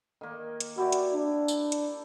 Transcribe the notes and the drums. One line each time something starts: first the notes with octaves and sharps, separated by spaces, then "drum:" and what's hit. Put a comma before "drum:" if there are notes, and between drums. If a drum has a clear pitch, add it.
D#3 A#3
drum: hi-hat
E4 F#4 G4 D5
drum: hi-hat
D4
drum: tambourine
drum: hi-hat